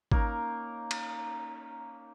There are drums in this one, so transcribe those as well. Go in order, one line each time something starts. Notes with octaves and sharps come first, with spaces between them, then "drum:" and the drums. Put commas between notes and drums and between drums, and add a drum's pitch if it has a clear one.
A#3 C#4 D#4 A#4, drum: kick G#1
drum: cymbal